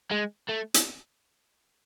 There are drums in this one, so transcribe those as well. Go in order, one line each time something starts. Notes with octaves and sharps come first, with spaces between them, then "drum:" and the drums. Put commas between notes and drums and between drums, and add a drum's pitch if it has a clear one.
G#3
A3
drum: hi-hat